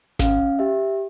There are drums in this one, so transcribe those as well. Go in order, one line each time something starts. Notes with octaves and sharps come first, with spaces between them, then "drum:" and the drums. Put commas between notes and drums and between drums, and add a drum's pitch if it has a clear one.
C#4 F5, drum: snare G#1
G4 E5